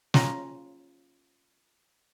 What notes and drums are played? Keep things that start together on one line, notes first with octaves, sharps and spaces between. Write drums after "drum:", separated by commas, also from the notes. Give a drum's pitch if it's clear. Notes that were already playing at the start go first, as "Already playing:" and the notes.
C#4 F4 A#5, drum: snare